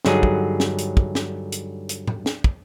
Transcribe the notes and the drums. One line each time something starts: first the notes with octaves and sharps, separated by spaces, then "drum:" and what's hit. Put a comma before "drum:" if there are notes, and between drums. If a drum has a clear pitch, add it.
G2 D3 F#3 D#4 G#4, drum: snare
drum: kick
drum: snare
drum: hi-hat
drum: kick
drum: snare
drum: hi-hat
drum: hi-hat
drum: tom
drum: snare
drum: kick